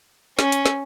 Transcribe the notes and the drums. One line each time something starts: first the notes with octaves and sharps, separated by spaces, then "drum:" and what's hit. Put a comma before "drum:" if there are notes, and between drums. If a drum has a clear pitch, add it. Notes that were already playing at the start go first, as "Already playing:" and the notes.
C#4, drum: snare
drum: hi-hat
drum: snare